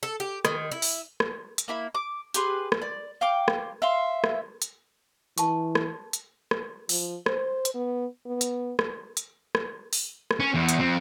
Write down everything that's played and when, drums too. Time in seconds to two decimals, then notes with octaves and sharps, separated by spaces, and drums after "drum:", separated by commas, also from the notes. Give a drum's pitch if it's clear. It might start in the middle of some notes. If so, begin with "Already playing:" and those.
0.03 A4
0.20 G4
0.45 D#3, drum: rim click
0.71 E4
0.82 drum: open hi-hat
1.20 drum: rim click
1.58 drum: hi-hat
1.68 A#3 E4 B5
1.95 D6
2.34 G4 G#4 B4 C6, drum: hi-hat
2.72 drum: rim click
2.82 D5
3.21 F5 G5 D6
3.48 drum: rim click
3.82 E5 F5 C6
4.24 drum: rim click
4.62 drum: hi-hat
5.38 E3 A5 C#6, drum: hi-hat
5.75 drum: rim click
6.13 drum: hi-hat
6.51 drum: rim click
6.89 F3, drum: open hi-hat
7.26 C5, drum: rim click
7.65 drum: hi-hat
7.74 B3
8.26 B3
8.41 drum: hi-hat
8.79 drum: rim click
9.17 drum: hi-hat
9.55 drum: rim click
9.93 drum: open hi-hat
10.31 drum: rim click
10.40 C#4
10.54 E2
10.69 drum: hi-hat
10.79 F2 C4